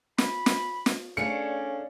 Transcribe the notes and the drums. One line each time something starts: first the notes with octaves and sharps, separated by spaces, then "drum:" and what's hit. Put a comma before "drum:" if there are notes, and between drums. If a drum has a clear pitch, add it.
B5, drum: snare
drum: snare
drum: snare
A3 C#4 D4 G#4 C#5 D5 F5 C#7